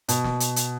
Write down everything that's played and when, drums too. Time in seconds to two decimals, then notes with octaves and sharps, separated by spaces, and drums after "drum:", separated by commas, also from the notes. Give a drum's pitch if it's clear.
0.08 B2, drum: hi-hat
0.24 drum: snare
0.40 drum: hi-hat
0.56 drum: hi-hat